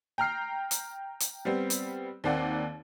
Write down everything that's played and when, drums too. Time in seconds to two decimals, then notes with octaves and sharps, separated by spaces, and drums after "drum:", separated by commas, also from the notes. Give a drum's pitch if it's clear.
0.18 G5 A#5 F6 C7
0.71 drum: hi-hat
1.20 drum: hi-hat
1.45 G3 B3 C4
1.70 drum: hi-hat
2.24 D#2 A#3 C4 D5 F#5